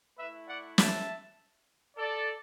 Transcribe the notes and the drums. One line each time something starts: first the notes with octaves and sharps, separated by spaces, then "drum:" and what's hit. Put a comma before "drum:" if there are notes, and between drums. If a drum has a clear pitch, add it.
A3 E4 B4 E5
D5 F#5
E5 A5, drum: snare
A4 D5